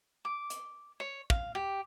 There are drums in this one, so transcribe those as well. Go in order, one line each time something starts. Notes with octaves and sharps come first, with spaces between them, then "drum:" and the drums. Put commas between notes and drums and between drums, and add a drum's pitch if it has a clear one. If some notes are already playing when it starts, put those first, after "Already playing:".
D6
drum: hi-hat
C#5
F5, drum: kick
G4